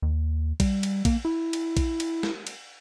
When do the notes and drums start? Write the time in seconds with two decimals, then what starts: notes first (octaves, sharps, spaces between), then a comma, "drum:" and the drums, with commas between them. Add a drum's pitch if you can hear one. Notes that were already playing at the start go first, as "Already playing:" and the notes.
0.02 D#2
0.60 G3, drum: kick A#1, cymbal
0.83 drum: cymbal
1.05 A#3, drum: kick A#1, cymbal
1.25 E4
1.53 drum: cymbal
1.77 drum: kick A#1, cymbal
2.00 drum: cymbal
2.23 drum: snare
2.47 drum: cymbal